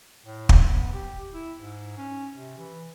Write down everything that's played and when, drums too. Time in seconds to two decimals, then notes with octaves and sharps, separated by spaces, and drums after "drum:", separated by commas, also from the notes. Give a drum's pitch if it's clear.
0.26 A2
0.49 drum: kick
0.70 B3
0.94 G4
1.34 E4
1.58 G#2
1.97 C#4
2.34 C3
2.58 E3